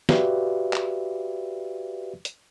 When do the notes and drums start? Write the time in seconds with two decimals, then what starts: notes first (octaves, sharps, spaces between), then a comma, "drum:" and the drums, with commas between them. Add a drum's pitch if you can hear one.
0.09 F#4 G4 B4 D5 E5 F5, drum: snare
0.73 drum: clap
2.25 drum: hi-hat